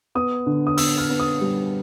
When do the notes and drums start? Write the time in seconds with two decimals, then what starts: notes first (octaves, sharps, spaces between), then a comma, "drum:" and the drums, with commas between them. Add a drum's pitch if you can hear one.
0.15 B3 D#6
0.46 D3
0.67 D#6
0.77 B3 E6, drum: open hi-hat
0.98 F6
1.10 B3
1.20 D#6
1.41 G3